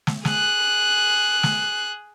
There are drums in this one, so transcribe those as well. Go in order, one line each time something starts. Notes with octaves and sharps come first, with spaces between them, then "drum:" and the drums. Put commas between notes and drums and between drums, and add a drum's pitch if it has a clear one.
drum: snare
G#4 F#6, drum: snare
drum: snare